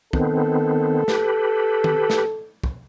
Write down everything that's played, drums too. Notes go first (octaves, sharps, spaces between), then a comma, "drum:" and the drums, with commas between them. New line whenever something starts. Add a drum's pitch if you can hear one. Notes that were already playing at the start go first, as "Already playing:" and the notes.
D#3 B3 C4 A4, drum: kick
G4 B4, drum: snare
drum: tom D#3
drum: snare
drum: kick